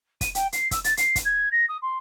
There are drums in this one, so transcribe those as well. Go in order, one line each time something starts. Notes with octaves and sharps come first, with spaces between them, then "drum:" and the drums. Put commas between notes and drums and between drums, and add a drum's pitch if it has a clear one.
D#7, drum: kick, hi-hat
G5, drum: hi-hat
C7, drum: hi-hat
E6, drum: kick, hi-hat
A6, drum: hi-hat
C7, drum: hi-hat
drum: kick, hi-hat
G#6
A#6
D#6
C6